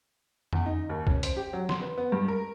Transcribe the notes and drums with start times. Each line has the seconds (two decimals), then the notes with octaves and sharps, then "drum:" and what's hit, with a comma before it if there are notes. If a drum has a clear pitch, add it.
0.53 E2, drum: tom F2
0.66 D#4
0.89 D#2
1.07 C#4, drum: kick
1.23 C5, drum: hi-hat
1.37 G4
1.53 F#3
1.69 C6, drum: snare
1.82 B4
1.98 B3
2.12 G2
2.28 A#4